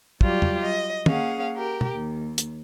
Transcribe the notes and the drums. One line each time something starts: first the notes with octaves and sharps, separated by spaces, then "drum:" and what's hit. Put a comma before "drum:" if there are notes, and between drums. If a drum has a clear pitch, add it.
F#3 G3 F4 G4 D5, drum: kick
drum: tom
D#5
A#3 C#4 G#4 F5 F#5, drum: tom
G4 A#4
drum: tom
D#2
drum: hi-hat